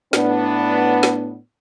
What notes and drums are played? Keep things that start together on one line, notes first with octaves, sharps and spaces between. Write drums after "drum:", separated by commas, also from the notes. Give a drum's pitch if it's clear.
A2 B3 D4, drum: snare
drum: snare